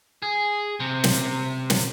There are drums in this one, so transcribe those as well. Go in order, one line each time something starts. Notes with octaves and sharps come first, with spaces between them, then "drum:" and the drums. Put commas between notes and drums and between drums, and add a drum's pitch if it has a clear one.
G#4
C3
drum: snare
drum: snare